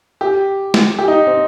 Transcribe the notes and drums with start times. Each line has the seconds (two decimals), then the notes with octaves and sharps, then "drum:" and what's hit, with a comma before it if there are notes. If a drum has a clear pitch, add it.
0.21 G4
0.74 drum: snare
0.98 G4
1.08 D#4
1.27 C4